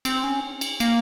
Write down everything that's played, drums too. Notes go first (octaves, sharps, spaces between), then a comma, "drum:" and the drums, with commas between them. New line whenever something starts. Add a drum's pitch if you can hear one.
C4, drum: cymbal
C#4
drum: cymbal
A#3, drum: cymbal